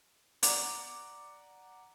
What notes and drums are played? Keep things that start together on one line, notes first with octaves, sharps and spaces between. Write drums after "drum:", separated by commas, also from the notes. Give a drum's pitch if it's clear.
D5 F#5 A#5 D6, drum: hi-hat